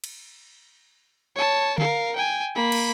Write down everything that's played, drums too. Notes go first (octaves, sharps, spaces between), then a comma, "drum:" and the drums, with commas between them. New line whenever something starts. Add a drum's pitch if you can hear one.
drum: cymbal
C#5 A5
A#4 F5, drum: tom D3
G5 G#5
A#3 B5
drum: cymbal